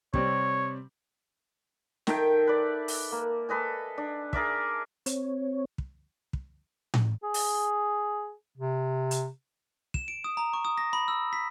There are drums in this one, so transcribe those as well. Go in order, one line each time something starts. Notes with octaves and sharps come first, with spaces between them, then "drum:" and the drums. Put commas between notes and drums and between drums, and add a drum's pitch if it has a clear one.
C3 G3 C4 C#5, drum: kick
D#3 A4 E5 G5, drum: snare
B4 D5
drum: open hi-hat
A#3
A4 B4 D#5 G#5
D4
G#4 A#4 D5 E5, drum: kick
C4 C#5, drum: hi-hat
drum: kick
drum: kick
drum: tom A2
G#4
drum: open hi-hat
C3
drum: hi-hat
E7, drum: kick
D7
D#6
A#5
C#6
D#6
A#6
B5
E6
B6